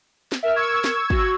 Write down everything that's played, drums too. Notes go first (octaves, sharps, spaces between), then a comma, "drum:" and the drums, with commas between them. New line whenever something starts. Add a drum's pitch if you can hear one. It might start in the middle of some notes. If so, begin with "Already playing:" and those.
drum: snare
A#4 E5 F6
C#6 E6 G#6
drum: snare
F#4, drum: kick